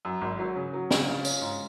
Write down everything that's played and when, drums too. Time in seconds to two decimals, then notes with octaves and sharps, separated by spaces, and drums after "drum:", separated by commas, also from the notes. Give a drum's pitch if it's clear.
0.05 F#2
0.21 G#1
0.39 F#3
0.56 C#3
0.73 F#3
0.91 C#3, drum: snare
1.08 F4
1.25 C#4, drum: tambourine
1.42 G#2